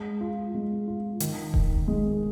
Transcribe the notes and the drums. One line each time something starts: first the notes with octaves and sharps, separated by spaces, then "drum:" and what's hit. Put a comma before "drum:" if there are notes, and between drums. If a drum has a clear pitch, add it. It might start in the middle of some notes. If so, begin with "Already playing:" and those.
Already playing: G#3
F4
G#3
F4
D#3, drum: hi-hat
D#3, drum: kick D#1
G#3